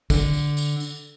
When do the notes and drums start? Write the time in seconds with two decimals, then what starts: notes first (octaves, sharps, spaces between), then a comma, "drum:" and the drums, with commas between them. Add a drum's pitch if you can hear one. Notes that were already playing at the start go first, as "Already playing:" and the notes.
0.10 D3, drum: kick, tambourine
0.33 drum: tambourine
0.57 drum: tambourine
0.80 drum: tambourine